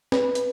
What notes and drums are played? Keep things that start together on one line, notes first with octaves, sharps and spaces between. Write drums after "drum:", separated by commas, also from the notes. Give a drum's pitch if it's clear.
B4, drum: snare
drum: hi-hat